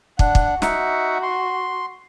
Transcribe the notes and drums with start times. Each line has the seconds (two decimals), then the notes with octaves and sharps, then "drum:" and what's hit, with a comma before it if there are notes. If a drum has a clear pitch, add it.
0.19 D4 F#5, drum: kick
0.35 drum: kick
0.62 D#4 F#4 E5 F#5, drum: snare
1.23 C6